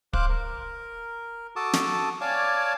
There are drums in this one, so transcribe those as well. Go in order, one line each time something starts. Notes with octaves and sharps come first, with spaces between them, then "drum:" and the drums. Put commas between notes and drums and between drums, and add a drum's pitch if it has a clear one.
C5 F5 D6 F#6, drum: kick
A#4
F#4 A4 A5 D6 D#6
drum: snare
C#5 D5 F5 G#5 A5 D6